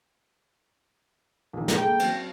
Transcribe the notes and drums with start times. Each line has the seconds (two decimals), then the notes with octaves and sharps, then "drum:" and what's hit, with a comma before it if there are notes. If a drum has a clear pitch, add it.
1.53 A#1 D#3
1.68 drum: snare
1.77 G#3 A#3 A4 G5
1.99 F#3 C4, drum: cymbal